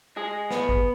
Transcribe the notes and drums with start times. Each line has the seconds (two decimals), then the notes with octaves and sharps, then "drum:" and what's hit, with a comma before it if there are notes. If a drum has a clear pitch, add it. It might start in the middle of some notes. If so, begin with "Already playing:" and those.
0.17 G#3 G#4
0.51 B3, drum: snare
0.69 drum: kick